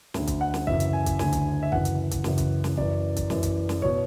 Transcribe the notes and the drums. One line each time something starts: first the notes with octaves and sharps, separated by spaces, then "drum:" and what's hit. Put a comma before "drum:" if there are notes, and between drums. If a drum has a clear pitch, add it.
D2 D3, drum: snare
drum: kick C2, hi-hat
F#5
drum: snare
F#2 C#3 E3 E5, drum: kick C2
drum: hi-hat
G#5
drum: kick C2, hi-hat
D2 D3 G#5, drum: snare
drum: kick C2, hi-hat
E5
F#2 C#3 E3 F#5, drum: kick C2
drum: hi-hat
drum: kick C2, hi-hat
F#2 C#3 E3, drum: snare
drum: kick C2, hi-hat
drum: snare
F#2 E3 D5, drum: kick C2
drum: kick C2, hi-hat
F#2 E3, drum: snare
drum: kick C2, hi-hat
drum: snare
B2 C#5, drum: kick C2